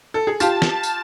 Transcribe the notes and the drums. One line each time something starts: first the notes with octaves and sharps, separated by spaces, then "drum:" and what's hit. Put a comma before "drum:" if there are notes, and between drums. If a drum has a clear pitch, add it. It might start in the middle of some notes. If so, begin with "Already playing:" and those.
A4
G#4
F4 G4 A5, drum: tambourine
drum: snare
drum: tambourine